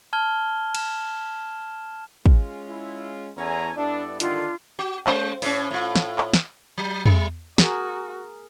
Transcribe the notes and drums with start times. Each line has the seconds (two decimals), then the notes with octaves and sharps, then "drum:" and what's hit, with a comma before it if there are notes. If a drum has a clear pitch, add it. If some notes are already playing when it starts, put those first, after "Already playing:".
0.13 A5 F6 G#6 G7
0.75 E7, drum: cymbal
2.26 G#3 C#4 F4, drum: kick
2.68 E4
3.37 E2 C#4 A4 C#5 G#5 A#5
3.77 G2 B3 D4 E4 A4 D5
4.20 D3 D#3 D4 F4, drum: hi-hat
4.79 F#4
5.07 G#3 C#4 C5, drum: clap
5.42 A2 C#4, drum: open hi-hat
5.71 A2 F4
5.95 drum: snare
6.18 drum: clap
6.33 drum: snare
6.78 F#3
7.06 G3, drum: tom
7.58 F#4 G#4 A#4, drum: snare